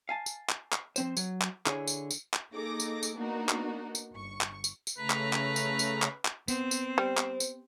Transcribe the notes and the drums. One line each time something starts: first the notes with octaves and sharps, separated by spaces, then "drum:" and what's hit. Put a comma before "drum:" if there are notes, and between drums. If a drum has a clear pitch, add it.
F5 G#5 A5
drum: tambourine
drum: clap
drum: clap
F3 C4 C5, drum: tambourine
F#3, drum: tambourine
drum: clap
D3 E4 G#4 C#5, drum: clap
drum: tambourine
drum: tambourine
drum: clap
A#3 D#4 G#4 A4 D6 A#6
drum: tambourine
drum: tambourine
A#3 B3 D4 D#4 F#4 A#4
drum: clap
drum: tambourine
G1 C#6
drum: clap
drum: tambourine
drum: tambourine
C#3 A3 B4 A#5
drum: clap
drum: clap
drum: tambourine
drum: tambourine
drum: clap
drum: clap
B3 C4, drum: tambourine
drum: tambourine
G3 C5
drum: clap
drum: tambourine